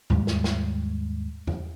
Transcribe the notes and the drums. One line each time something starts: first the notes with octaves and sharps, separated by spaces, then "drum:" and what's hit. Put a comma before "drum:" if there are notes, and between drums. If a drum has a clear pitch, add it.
D#2 G#2 G3, drum: tom E2
drum: snare
drum: snare
drum: tom E2